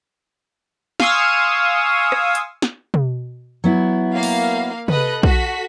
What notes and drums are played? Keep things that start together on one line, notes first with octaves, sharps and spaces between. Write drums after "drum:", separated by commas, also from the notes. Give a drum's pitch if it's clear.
F5 G#5 C6 C#6 D#6 E6, drum: snare
drum: rim click
drum: hi-hat
drum: snare
drum: tom
F#3 B3 E4
A#3 F5
drum: open hi-hat
A4 B4 D#5 F#6, drum: tom C3
F#4 B6, drum: kick